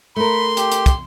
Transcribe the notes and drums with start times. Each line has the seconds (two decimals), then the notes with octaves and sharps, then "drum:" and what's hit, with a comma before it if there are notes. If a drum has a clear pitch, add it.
0.16 A3 A#4 B5 C6
0.57 G4, drum: hi-hat
0.72 drum: hi-hat
0.86 drum: kick, hi-hat